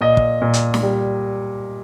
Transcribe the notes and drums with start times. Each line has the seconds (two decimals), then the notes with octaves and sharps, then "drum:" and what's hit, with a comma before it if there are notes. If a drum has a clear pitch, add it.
0.01 A#2 D#5
0.17 drum: kick
0.42 A#2
0.53 drum: hi-hat
0.74 drum: snare
0.83 G3